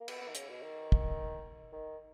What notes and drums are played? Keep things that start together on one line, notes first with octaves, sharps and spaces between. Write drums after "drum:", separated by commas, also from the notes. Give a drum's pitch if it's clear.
A#3
B3, drum: cymbal
B3
D#3
C#3, drum: hi-hat
B2
D#3
drum: kick
D#3